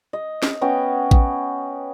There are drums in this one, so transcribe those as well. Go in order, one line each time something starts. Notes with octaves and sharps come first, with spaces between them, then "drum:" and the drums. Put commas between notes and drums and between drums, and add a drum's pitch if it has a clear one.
D#5
drum: snare
B3 C#4 F#4 G5
drum: kick A1